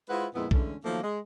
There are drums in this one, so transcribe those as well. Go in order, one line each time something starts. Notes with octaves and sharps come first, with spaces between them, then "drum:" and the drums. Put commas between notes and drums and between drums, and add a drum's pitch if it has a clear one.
G#3 E4 F4 B4 C5 F#5
F2 A#2 G#3 B3 E4
D3 E3 G#3 A3 C#4, drum: kick B1
D#3 F3 F#3 A3 A#3
G#3